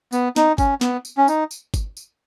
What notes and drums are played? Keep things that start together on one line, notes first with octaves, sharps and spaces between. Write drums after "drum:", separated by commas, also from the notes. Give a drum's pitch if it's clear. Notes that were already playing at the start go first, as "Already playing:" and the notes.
B3, drum: tambourine
D#4, drum: snare
C#4, drum: kick G1, tambourine
B3, drum: snare
drum: tambourine
C#4
D#4, drum: tambourine
drum: tambourine
drum: kick G1, tambourine
drum: tambourine